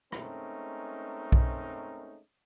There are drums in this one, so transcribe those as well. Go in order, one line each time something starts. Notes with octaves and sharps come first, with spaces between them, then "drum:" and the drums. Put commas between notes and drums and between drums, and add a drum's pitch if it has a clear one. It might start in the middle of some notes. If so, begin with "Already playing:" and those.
G#3 A3 C4 C#4 D#4 A#4, drum: rim click
drum: kick B1